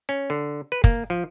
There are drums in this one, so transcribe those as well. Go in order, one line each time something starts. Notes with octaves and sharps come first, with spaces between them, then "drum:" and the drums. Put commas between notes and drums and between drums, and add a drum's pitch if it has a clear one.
C#4
D3
B4
A#3, drum: kick
F3